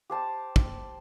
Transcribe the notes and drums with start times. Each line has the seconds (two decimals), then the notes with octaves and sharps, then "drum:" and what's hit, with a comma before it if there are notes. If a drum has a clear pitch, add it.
0.10 G4 C5 A5
0.56 drum: kick